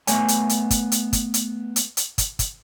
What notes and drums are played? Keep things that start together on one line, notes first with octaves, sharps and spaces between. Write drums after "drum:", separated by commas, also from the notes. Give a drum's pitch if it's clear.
A3 B3 C#5 G#5, drum: hi-hat
drum: hi-hat
drum: hi-hat
drum: kick, hi-hat
drum: hi-hat
drum: kick, hi-hat
drum: hi-hat
drum: hi-hat
drum: hi-hat
drum: kick, hi-hat
drum: kick, hi-hat